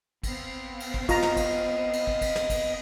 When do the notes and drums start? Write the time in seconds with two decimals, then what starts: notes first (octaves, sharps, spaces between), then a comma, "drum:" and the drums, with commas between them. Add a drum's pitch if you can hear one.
0.23 B3 C4 F5, drum: kick, cymbal
0.80 drum: cymbal
0.94 drum: kick
1.09 F4 D#5 A#5, drum: kick, cymbal
1.22 drum: snare
1.37 drum: kick, cymbal
1.93 drum: cymbal
2.07 drum: kick
2.22 drum: kick, cymbal
2.36 drum: snare
2.50 drum: kick, cymbal